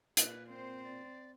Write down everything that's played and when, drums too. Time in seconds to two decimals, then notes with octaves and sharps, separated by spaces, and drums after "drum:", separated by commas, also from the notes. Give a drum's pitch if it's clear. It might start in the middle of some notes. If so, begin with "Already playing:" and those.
0.17 A#2 B4, drum: hi-hat
0.50 C4 C5
0.83 D5